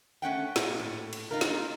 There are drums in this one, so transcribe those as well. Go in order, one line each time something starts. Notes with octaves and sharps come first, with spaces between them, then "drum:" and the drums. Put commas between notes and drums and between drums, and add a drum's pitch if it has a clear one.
A3 C#4 F#5 G5
A#2, drum: snare
A2
drum: cymbal
D#4 F4 A#4
drum: snare